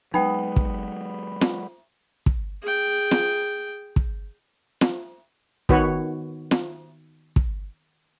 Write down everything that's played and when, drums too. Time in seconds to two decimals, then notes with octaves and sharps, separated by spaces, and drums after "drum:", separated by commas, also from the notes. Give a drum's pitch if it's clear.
0.14 F#3 G#3 B3 D#4 G5
0.56 drum: kick
1.41 drum: snare
2.26 drum: kick
2.63 G#4 G5
3.11 drum: snare
3.96 drum: kick
4.81 drum: snare
5.69 D#3 B3 F#4 B4 C#5, drum: kick
6.51 drum: snare
7.36 drum: kick